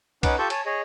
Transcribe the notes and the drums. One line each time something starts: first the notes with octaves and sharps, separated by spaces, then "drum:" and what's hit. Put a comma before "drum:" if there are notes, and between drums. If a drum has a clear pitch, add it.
C#4 D#4 B4 F#5 D6, drum: kick C2, cymbal
F4 G4 A4 A5 C#6 G6
C#5 G#5 A5, drum: cymbal
G#4 C#5 D#5